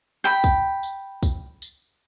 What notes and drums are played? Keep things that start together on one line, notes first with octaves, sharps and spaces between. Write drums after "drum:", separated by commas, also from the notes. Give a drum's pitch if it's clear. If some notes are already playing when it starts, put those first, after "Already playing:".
G5 B5
drum: kick, tambourine
drum: tambourine
drum: kick, tambourine
drum: tambourine